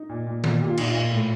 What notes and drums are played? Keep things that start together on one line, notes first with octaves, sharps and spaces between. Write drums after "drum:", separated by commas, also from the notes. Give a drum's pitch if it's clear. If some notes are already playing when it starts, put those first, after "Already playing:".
Already playing: D#4
A#2
A#2
A#2, drum: tom D#3
A#2 G4
F4
A#2 D#4, drum: cymbal
F4
A#2
A2